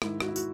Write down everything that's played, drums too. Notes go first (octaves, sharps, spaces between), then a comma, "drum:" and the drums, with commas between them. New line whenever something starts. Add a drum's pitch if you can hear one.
G#2 D#3 E4, drum: rim click
F#4, drum: rim click
E4
F#4, drum: tambourine